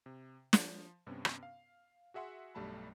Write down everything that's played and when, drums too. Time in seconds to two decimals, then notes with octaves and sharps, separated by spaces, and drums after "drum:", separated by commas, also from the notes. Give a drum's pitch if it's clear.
0.06 C3
0.53 F3 C5, drum: snare
1.07 G2 C3 B3 C#4
1.25 drum: rim click
1.43 F5
2.14 F#4 G#4 E5 F#5 C6
2.55 B1 G2 G3 A3 A5 B5